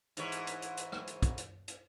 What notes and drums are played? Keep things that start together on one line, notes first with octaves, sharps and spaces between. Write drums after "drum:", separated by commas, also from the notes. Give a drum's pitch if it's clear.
G#2 E3 C#5, drum: hi-hat
drum: hi-hat
drum: hi-hat
drum: hi-hat
drum: hi-hat
drum: rim click
drum: hi-hat
drum: kick, hi-hat
drum: hi-hat
drum: hi-hat